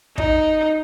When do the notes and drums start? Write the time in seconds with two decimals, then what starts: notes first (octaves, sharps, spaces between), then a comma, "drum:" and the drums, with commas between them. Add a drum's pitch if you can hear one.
0.18 D#4, drum: kick